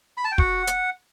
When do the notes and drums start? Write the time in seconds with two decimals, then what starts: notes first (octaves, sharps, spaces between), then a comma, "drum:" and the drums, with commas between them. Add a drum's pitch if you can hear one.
0.17 B5
0.24 A5
0.32 G5
0.38 F#4 F#5, drum: kick
0.67 drum: hi-hat